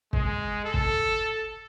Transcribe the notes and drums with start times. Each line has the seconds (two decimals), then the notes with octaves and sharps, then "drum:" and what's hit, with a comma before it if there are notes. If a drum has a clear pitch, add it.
0.13 G#3, drum: kick
0.65 A4
0.74 drum: kick